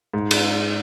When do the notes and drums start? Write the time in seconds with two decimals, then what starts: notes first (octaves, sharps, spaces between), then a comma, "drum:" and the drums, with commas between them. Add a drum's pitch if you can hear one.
0.14 G#2
0.31 drum: cymbal